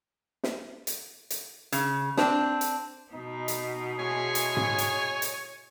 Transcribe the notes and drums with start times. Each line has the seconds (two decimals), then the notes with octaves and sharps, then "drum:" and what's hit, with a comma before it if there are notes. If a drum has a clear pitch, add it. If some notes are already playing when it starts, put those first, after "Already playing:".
0.43 drum: snare
0.87 drum: hi-hat
1.30 drum: hi-hat
1.72 C#3, drum: hi-hat
2.17 C4 D4, drum: snare
2.61 drum: hi-hat
3.12 B2 B3 D#4
3.48 drum: hi-hat
3.99 G#3 E4 G#4 C#5 G#5
4.35 drum: hi-hat
4.57 drum: tom G#2
4.78 drum: hi-hat
5.22 drum: hi-hat